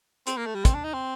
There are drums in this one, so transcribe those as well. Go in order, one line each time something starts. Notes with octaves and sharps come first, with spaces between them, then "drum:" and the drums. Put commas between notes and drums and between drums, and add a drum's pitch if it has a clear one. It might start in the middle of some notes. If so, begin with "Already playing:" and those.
C4, drum: hi-hat
A#3
A3
G3
C4, drum: kick, hi-hat
D4
D#4
C4